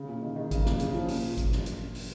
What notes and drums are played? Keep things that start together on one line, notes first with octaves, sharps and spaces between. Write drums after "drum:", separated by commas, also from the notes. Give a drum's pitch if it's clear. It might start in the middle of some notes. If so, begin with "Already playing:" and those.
Already playing: C#3
A#2
D#3
D#3
C#3, drum: kick G#1, hi-hat
A#2, drum: snare
C#3, drum: hi-hat
F3
A#2, drum: open hi-hat
drum: kick G#1, hi-hat
drum: snare
drum: hi-hat
drum: open hi-hat